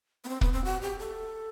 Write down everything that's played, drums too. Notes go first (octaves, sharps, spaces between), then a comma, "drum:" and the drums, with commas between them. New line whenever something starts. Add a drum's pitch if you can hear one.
B3
C4
B3, drum: kick
C4
F#4
G4
A4